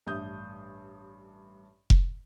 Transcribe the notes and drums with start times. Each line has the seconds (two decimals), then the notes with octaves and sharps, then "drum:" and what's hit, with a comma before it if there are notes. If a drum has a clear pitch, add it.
0.07 A1 G2 D4 E5 D#6 G6
1.90 drum: kick F1